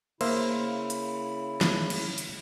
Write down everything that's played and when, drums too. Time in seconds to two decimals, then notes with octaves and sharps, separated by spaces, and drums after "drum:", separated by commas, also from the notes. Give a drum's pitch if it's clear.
0.21 C#3 A#3 E4 C5 E5, drum: cymbal
0.90 drum: hi-hat
1.61 drum: snare
1.90 drum: cymbal
2.18 drum: hi-hat